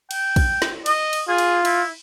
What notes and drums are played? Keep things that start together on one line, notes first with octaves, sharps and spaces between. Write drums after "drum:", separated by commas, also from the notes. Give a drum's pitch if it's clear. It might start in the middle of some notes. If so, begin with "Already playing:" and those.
G5, drum: cymbal
drum: kick, cymbal
drum: snare
D#5, drum: cymbal
drum: cymbal
F4 G#4
drum: cymbal
E4, drum: cymbal